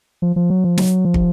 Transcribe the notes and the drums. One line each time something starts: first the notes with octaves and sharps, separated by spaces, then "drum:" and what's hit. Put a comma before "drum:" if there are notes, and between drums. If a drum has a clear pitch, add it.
F3
F3
F#3
F3
F#3, drum: snare
F3
drum: kick